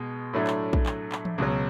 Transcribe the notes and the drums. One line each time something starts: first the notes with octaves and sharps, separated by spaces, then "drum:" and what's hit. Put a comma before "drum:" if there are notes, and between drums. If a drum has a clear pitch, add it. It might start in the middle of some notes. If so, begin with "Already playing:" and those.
Already playing: B2 G#3
A2 F#3 A3 D4
drum: clap
drum: kick A#1
drum: clap
drum: clap
drum: tom E3
C#2 B2 F#3